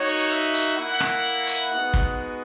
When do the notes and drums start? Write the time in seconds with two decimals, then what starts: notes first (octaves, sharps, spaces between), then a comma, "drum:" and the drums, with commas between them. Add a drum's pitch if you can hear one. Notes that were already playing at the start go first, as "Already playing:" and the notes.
Already playing: A#3 D#4 F#4 C#5
0.30 E5
0.54 drum: hi-hat
0.77 A#3 E4 F#5
1.00 drum: rim click
1.47 drum: hi-hat
1.71 G#3 B3 D#4 F#4
1.94 drum: kick